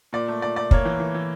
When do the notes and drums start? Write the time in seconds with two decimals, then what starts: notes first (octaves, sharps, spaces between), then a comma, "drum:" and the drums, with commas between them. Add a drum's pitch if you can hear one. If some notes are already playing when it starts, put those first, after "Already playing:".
0.13 A#2 D5
0.28 A3
0.42 A#2 D5
0.56 A3 D5
0.71 A#3 C#5, drum: kick
0.85 E3
1.00 E3
1.14 E3